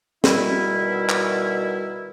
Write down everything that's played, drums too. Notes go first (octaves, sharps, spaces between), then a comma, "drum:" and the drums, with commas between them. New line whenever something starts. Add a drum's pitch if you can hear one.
B2 D#3 G3 E4, drum: snare
drum: clap